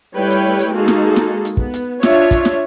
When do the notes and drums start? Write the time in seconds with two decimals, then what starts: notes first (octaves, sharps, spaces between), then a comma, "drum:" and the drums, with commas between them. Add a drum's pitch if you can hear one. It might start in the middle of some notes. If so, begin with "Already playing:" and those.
0.16 G3 A3 E4 B4 C#5 G5
0.31 drum: hi-hat
0.59 drum: hi-hat
0.74 G#3 A#3 D#4 F#4 G#4 A4
0.88 drum: snare
1.16 drum: snare
1.45 drum: hi-hat
1.57 B3, drum: kick
1.74 drum: hi-hat
2.03 D4 F4 C#5 E5, drum: snare
2.31 drum: kick, hi-hat
2.45 drum: snare